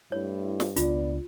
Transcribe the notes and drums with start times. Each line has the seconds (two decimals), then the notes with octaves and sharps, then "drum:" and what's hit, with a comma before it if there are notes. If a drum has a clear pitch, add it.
0.12 G2 A3 E4 C#5
0.60 drum: snare
0.76 C#2 B3 D4 F4 D5, drum: hi-hat